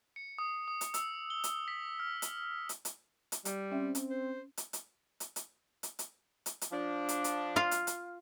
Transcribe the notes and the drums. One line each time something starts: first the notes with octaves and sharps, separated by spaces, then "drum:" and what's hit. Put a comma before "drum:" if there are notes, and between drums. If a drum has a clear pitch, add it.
C#7
D#6
D#6
drum: hi-hat
E6, drum: hi-hat
G7
drum: hi-hat
B6
F6
drum: hi-hat
drum: hi-hat
drum: hi-hat
drum: hi-hat
G3, drum: hi-hat
C4 C#4 E5
drum: hi-hat
C5
drum: hi-hat
drum: hi-hat
drum: hi-hat
drum: hi-hat
drum: hi-hat
drum: hi-hat
drum: hi-hat
drum: hi-hat
F3 D4
drum: hi-hat
drum: hi-hat
F4 F5
drum: hi-hat
drum: hi-hat